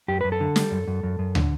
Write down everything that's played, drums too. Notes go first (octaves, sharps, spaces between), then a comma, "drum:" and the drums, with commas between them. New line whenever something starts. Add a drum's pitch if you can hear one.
F#2 G4
F#2 B4
A4
D3
G3, drum: snare
F#2
F#2
F#2
F#2
D3, drum: tom